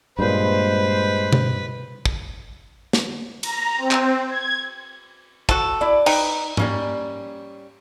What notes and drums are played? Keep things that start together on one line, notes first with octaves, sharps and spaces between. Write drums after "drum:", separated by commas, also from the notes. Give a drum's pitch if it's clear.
G2 A#2 G#3 B4 C5
drum: tom B2
drum: kick
drum: snare
A#5, drum: cymbal
C4
drum: clap
G#6
F#4 A4 G5, drum: kick
E4 D5
D#4 B4 G5, drum: cymbal
G3 A#3 C#4, drum: tom G#2